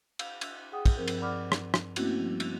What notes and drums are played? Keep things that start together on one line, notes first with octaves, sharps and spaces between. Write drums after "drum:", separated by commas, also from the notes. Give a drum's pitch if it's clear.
F5, drum: cymbal
drum: cymbal
G#4 F#5 G5 D#6
drum: kick, cymbal
G2 F3 C4 A#4 C5
drum: cymbal
D5 F#5 B5 D6 F6
drum: rim click
drum: rim click
A3 A#3 C4 C#4 E4 F#4, drum: cymbal
F3 G3
drum: cymbal